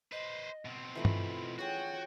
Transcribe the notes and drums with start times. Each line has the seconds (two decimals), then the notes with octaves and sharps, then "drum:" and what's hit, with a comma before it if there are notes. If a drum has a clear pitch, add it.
0.12 B4 C5 D#5
0.65 B2 C4
0.95 E3 A3 D#4 F4 B5
1.05 drum: tom G2
1.59 C#4 F#4 G#4 C#5 G5